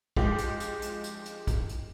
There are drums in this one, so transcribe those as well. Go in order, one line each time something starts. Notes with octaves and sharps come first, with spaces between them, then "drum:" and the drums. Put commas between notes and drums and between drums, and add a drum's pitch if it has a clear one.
F3 G#3 G4, drum: kick
drum: hi-hat
drum: hi-hat
drum: hi-hat
drum: hi-hat
drum: hi-hat
drum: kick, hi-hat
drum: hi-hat